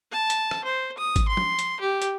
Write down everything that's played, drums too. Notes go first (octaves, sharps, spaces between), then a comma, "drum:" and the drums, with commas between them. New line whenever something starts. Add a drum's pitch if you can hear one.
A5
drum: hi-hat
drum: rim click
C5
D#6
drum: kick G#1, hi-hat
C6
drum: tom F3
drum: hi-hat
G4
drum: hi-hat